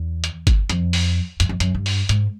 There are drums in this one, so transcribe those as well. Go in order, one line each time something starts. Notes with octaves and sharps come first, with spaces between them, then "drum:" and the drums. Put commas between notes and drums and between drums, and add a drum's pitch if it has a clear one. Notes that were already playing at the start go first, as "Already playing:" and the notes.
Already playing: E2
drum: hi-hat
drum: kick G1, hi-hat
F2, drum: hi-hat
drum: open hi-hat
F#2, drum: hi-hat
F2
F#2, drum: hi-hat
G2
drum: open hi-hat
G#2, drum: hi-hat